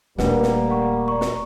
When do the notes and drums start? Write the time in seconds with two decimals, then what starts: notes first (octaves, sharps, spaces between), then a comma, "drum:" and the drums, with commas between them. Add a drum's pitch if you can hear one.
0.18 D#1 G3 A3 A#3 D4 B4 F#5, drum: snare
0.43 drum: snare
0.70 F#5 C#6
1.08 D5 A#5 C#6
1.21 drum: snare